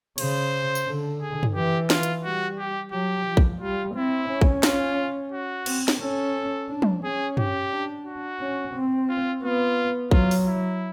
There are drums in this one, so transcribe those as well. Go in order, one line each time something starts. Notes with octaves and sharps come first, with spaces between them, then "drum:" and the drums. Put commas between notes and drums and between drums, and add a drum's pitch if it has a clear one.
C#3 C5, drum: cymbal
drum: tambourine
D3
G#4
drum: tom
E3 G4
F4, drum: snare
drum: hi-hat
G3 F#4
G4
F#3 G4
F3
drum: kick
G3 F4
C4 E4
C#4
drum: kick
F4, drum: snare
F#4
C4, drum: cymbal
drum: snare
C#4 A4
D4
drum: tom
C#4 G#4
G4, drum: tom
D4
F#4
C#4
C4
F4
B3 F4
F#3 F4, drum: kick
drum: open hi-hat
E4